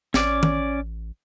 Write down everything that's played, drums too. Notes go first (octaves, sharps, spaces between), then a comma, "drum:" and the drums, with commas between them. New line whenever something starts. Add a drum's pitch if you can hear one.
A1 C#4 D5, drum: snare
drum: tom